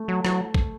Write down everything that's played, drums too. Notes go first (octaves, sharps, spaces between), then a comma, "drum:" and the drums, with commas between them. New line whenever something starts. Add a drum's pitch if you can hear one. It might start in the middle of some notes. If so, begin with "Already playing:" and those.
Already playing: A3
F#3
F#3, drum: rim click
drum: kick